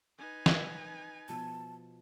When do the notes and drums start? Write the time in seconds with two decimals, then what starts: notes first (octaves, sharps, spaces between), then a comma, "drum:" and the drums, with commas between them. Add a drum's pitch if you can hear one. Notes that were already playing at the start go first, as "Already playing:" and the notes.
0.18 D#4 B4 G#5
0.46 drum: snare
1.28 B2 F3 A5